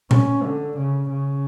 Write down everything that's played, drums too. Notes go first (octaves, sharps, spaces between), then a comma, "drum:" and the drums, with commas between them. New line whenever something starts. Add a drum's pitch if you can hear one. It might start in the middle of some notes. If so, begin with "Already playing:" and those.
C#4, drum: tom A#2
D3
C#3
C#3